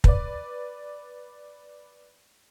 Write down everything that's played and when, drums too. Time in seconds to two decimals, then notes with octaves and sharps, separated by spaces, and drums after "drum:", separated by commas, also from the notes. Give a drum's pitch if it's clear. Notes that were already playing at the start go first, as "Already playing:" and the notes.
0.04 B4 D5, drum: kick